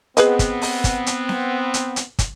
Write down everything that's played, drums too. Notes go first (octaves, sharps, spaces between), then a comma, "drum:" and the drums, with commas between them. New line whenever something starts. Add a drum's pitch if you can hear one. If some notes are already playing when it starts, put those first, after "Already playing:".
B3 C4 G#4 B4 D#5, drum: hi-hat
drum: kick, hi-hat
drum: open hi-hat
drum: kick, hi-hat
drum: hi-hat
drum: snare C4
drum: hi-hat
drum: hi-hat
drum: kick, hi-hat